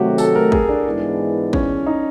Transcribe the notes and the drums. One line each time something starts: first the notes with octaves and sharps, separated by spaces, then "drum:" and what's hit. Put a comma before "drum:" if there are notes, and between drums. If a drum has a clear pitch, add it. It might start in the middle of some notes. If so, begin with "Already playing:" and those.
Already playing: C3 D#3 F#3 A3 F#4 G4
A4, drum: tambourine
A#4
G#4, drum: kick
D4
G#2 E3 G#3 B3 E4
C#4, drum: kick
D#4